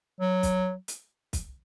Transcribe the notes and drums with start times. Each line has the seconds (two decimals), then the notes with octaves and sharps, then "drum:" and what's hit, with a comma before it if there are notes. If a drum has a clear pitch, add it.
0.21 F#3
0.43 drum: kick, hi-hat
0.88 drum: hi-hat
1.33 drum: kick, hi-hat